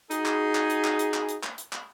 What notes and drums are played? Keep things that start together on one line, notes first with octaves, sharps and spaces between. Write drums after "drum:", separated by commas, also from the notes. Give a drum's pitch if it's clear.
D#4 F#4 G#4, drum: hi-hat
drum: clap
drum: clap
drum: hi-hat
drum: clap
drum: hi-hat
drum: clap
drum: hi-hat
drum: clap
drum: hi-hat
drum: clap